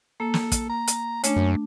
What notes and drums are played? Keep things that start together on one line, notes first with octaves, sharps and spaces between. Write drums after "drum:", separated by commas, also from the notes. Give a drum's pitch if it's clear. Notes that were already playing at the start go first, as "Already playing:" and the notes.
A#3 A4
drum: snare
drum: kick, hi-hat
A#5
drum: hi-hat
A3 C#4 D4, drum: hi-hat
F#2